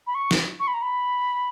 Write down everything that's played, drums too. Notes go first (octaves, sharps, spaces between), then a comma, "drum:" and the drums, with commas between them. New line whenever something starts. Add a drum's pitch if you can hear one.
B5
C#6
drum: snare
C#6
B5
A#5
B5